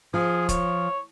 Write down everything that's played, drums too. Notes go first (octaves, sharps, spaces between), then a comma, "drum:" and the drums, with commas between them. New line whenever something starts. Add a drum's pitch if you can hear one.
F3 G#4
C#5, drum: kick, hi-hat